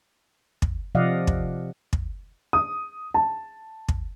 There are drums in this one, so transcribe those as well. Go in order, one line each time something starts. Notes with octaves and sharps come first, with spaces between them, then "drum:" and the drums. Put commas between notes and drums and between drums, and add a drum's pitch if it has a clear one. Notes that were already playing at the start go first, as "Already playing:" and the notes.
drum: kick
C3 F3 D5 D#5 F5 F#5
drum: kick
drum: kick
D#6
A5
drum: kick